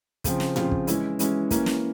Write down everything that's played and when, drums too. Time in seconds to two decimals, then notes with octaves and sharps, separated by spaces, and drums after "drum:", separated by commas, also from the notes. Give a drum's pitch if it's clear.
0.24 C#3 F3 C4 F4, drum: kick, hi-hat
0.40 drum: snare
0.56 C#3 F3 C4 F4, drum: tom A2
0.72 drum: kick
0.87 E3 G#3 C#4 E4, drum: hi-hat
1.19 E3 G#3 C#4 E4, drum: hi-hat
1.51 E3 A#3 C#4, drum: kick, hi-hat
1.66 drum: snare